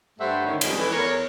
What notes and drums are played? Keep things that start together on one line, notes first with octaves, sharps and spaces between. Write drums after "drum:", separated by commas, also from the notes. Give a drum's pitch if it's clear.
G2 G3 A3 C5 E5 F#5
D3 D#3 C#4 D#4
F2 B2 D#3 G3 G#3 C#4, drum: cymbal
E3 A3
E2 A#4 C#5